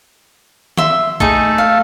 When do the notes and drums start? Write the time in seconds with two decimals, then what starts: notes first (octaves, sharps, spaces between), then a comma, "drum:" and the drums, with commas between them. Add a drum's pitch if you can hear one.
0.77 E5 C6, drum: tom D#3
1.20 A3 D#4 G#4, drum: kick A#1
1.58 F5